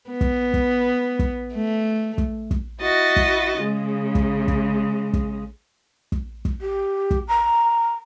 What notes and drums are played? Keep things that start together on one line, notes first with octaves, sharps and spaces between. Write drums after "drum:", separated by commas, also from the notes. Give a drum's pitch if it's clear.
B3
drum: kick
drum: kick
drum: kick
A3
drum: kick
drum: kick
E4 F#4 D#5 A6
drum: kick
C#3 G#3
drum: kick
drum: kick
drum: kick
drum: kick
drum: kick
G4
drum: kick
A#5